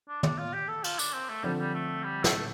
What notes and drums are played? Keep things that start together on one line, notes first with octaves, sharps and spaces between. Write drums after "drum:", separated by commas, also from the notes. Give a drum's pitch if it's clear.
D4
D4, drum: tom
F4
G4
A4
F4, drum: cymbal
D4, drum: tambourine
C4
A3
D3 F3 G3 C4
G3
A3
G3
A3, drum: snare